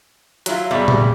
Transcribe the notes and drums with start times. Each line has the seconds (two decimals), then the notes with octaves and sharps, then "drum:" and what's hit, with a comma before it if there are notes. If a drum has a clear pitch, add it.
0.46 F#3 E4 F4, drum: hi-hat
0.71 E2 G2 G3 E4
0.88 drum: tom A#2